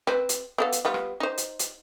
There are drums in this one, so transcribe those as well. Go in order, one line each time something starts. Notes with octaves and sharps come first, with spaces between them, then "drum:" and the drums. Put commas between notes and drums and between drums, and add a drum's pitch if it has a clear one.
C4 B4, drum: rim click
drum: hi-hat
B3 A4 F5
drum: hi-hat
G3 B3 F4
drum: rim click
D#4 C5
drum: hi-hat
drum: hi-hat